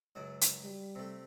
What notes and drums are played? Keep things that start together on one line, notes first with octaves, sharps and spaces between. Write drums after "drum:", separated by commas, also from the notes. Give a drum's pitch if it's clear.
C#2 F#2 F#3
drum: hi-hat
G3
C3 A3